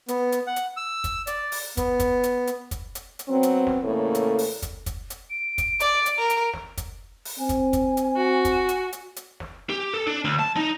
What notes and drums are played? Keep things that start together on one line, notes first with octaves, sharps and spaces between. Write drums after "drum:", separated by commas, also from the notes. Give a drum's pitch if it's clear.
B3, drum: hi-hat
drum: hi-hat
F#5
drum: hi-hat
E6
drum: kick, hi-hat
D5, drum: hi-hat
drum: open hi-hat
B3, drum: kick, hi-hat
drum: kick, hi-hat
drum: hi-hat
drum: hi-hat
drum: kick, hi-hat
drum: hi-hat
drum: hi-hat
F#3 B3 C4
drum: hi-hat
drum: snare
E2 A2 C#3 A#3 A4
drum: hi-hat
drum: open hi-hat
drum: kick, hi-hat
drum: kick, hi-hat
drum: hi-hat
D7
drum: kick, hi-hat
D5, drum: hi-hat
drum: hi-hat
A#4
drum: hi-hat
drum: snare
drum: kick, hi-hat
drum: open hi-hat
C4 G#5
drum: kick, hi-hat
drum: kick, hi-hat
drum: hi-hat
F#4
drum: kick, hi-hat
drum: hi-hat
drum: hi-hat
drum: hi-hat
drum: snare
G4
A4
D4
D2
A5
D#4